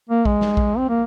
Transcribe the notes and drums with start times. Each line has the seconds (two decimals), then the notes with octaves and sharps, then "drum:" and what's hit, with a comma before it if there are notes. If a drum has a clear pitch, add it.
0.09 A#3
0.25 G#3, drum: kick A#1
0.41 drum: snare
0.57 drum: kick A#1
0.78 C4
0.89 A#3